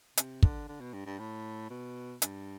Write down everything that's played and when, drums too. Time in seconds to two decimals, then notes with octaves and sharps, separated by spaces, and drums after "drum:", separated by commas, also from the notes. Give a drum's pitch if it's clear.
0.17 C3, drum: hi-hat
0.43 D3, drum: kick
0.69 D3
0.81 B2
0.93 G2
1.06 G2
1.19 A2
1.70 B2
2.22 G2, drum: hi-hat